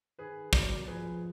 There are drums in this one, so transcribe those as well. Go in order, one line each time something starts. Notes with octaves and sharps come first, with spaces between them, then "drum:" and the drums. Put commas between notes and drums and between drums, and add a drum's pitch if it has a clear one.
D#3 G#4 B4
F#3 A#4 D5, drum: kick
F3 G#4 B4